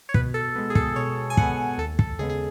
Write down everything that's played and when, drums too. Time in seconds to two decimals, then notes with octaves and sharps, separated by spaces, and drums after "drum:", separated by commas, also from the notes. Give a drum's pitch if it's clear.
0.09 C#5
0.14 B2 B4, drum: kick
0.34 A4
0.56 G#3 B3
0.70 G#4
0.75 A4, drum: kick
0.96 B2 C#5
1.30 G#5
1.37 G#3 B3 F#5, drum: kick
1.78 D#2 A4
1.99 A4, drum: kick
2.19 C#3 G#3 B3 G#4
2.30 G#4